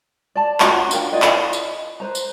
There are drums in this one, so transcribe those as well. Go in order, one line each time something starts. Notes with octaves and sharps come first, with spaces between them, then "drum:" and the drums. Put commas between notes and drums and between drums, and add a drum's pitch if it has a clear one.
D5 A5
C#4 F4 F#4 F#5, drum: clap
D4 A#4 F5 G5, drum: tambourine
E4 F4 D5 D#5
drum: clap
drum: tambourine
B4 C5 A#5
drum: tambourine